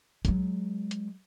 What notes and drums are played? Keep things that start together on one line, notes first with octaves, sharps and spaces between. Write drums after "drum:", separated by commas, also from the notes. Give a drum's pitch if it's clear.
F#3 G#3, drum: kick B1, hi-hat
drum: hi-hat